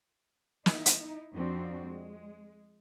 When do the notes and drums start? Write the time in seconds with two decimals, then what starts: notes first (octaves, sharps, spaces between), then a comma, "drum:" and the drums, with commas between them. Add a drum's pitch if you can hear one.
0.66 D#4 E4, drum: snare
0.86 drum: hi-hat
1.34 F2 F3 C4 D4 F#4
1.87 G#3